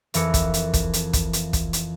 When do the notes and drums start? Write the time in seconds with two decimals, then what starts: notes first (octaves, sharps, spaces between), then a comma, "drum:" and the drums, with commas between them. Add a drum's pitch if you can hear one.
0.14 F2 E3 A#4 D6 E6 C#7, drum: hi-hat
0.34 drum: kick, hi-hat
0.54 drum: hi-hat
0.74 drum: kick, hi-hat
0.93 drum: hi-hat
1.13 drum: kick, hi-hat
1.33 drum: hi-hat
1.53 drum: kick, hi-hat
1.73 drum: hi-hat